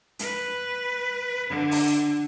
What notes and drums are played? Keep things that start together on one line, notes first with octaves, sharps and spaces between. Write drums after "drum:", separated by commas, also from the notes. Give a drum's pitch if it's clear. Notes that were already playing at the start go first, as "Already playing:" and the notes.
B4, drum: hi-hat
D3
drum: open hi-hat